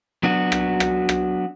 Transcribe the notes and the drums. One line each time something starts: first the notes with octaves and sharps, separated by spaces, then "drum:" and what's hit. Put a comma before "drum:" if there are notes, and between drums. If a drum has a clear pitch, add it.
F#3 B3 D4 F#4
drum: rim click
drum: rim click
drum: rim click